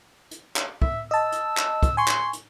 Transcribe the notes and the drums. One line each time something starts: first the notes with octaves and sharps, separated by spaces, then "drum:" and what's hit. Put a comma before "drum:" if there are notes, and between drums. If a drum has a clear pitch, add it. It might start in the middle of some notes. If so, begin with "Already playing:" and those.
drum: hi-hat
drum: clap
E5, drum: kick
D#5 A5 E6
drum: hi-hat
drum: clap
drum: kick, hi-hat
G#5 C6 C#6
drum: clap
drum: hi-hat